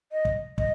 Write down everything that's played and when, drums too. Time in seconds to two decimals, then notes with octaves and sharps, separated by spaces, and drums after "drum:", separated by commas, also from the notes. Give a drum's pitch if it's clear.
0.12 D#5
0.25 drum: kick
0.58 D#5, drum: kick